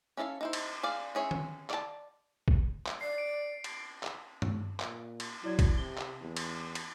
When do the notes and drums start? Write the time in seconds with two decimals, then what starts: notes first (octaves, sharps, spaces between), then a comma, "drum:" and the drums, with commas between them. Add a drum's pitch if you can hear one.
0.17 C#4 E4 A4 D#5 F5
0.41 D#4 E4 C5
0.53 drum: cymbal
0.83 G#4 D5 F5
1.15 C#4 G#4 C#5 E5
1.31 drum: tom D#3
1.70 D5 A5, drum: clap
2.48 drum: kick A#1
2.87 drum: clap
3.01 D5 C7
3.18 D7
3.64 drum: cymbal
4.03 drum: clap
4.42 drum: tom
4.80 A#2, drum: clap
5.20 drum: cymbal
5.44 F#3 E4 D5 G#6
5.59 drum: kick A#1, cymbal
5.77 C3 G7
5.98 drum: clap
6.21 E2
6.37 drum: cymbal
6.75 drum: cymbal